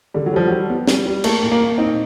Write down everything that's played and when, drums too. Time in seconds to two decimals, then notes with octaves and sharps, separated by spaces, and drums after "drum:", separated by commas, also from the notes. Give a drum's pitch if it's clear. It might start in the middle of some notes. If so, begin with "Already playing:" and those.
0.14 D3 G3
0.26 F#3
0.33 F3 G3
0.47 F#3 G3
0.70 B3
0.87 G3, drum: snare
1.06 G3
1.24 A3 A#3, drum: cymbal
1.43 A#2
1.51 A#3
1.61 A#2
1.78 C4 D#4